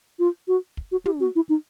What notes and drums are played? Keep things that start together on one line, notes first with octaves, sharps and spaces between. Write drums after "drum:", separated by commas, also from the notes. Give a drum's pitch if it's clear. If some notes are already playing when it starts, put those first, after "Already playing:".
F4
F#4
drum: kick
F#4
G4, drum: tom
F#4
E4
D#4